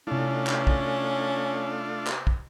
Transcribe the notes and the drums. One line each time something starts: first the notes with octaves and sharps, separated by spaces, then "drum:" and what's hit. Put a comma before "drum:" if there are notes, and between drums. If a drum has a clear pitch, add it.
C3 A3 C#4 D4 E4 F4
drum: clap
drum: kick
drum: clap
drum: kick